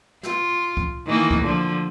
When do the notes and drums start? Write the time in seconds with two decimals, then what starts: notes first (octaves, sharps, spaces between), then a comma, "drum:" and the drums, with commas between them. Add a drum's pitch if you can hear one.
0.23 F4, drum: snare
0.77 drum: kick C#2
1.07 D#3 E3 A#3
1.31 drum: kick C#2
1.41 D3 F3